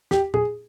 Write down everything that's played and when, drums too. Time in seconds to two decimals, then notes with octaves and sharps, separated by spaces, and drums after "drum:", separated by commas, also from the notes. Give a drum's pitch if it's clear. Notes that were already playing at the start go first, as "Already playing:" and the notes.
0.11 G4, drum: snare
0.34 G#4, drum: tom A#2